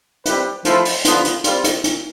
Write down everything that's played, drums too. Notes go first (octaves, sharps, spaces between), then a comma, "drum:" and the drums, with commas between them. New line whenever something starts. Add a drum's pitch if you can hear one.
G3 C4 G4 B4, drum: hi-hat
F3 A3 E4 A4 C5, drum: hi-hat
drum: open hi-hat
D3 F3 B3 F4 C5, drum: hi-hat
drum: hi-hat
G3 C4 F4, drum: hi-hat
drum: hi-hat
drum: hi-hat